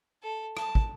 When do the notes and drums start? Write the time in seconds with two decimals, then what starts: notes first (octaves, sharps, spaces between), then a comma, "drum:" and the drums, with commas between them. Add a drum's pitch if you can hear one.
0.23 A4
0.57 A5, drum: rim click
0.75 drum: kick